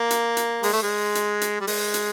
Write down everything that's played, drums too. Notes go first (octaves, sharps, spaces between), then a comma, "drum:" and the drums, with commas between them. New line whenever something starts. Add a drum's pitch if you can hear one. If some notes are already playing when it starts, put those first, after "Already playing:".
Already playing: A#3
drum: hi-hat
drum: hi-hat
G#3, drum: open hi-hat
A3
G#3
drum: hi-hat
drum: hi-hat
G3
G#3, drum: open hi-hat
drum: hi-hat